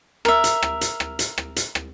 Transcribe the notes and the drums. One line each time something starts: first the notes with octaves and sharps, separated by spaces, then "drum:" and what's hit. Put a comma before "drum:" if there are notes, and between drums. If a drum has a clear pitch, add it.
A#4 E5, drum: rim click
drum: hi-hat
drum: rim click
drum: hi-hat
drum: rim click
drum: hi-hat
drum: rim click
drum: hi-hat
drum: rim click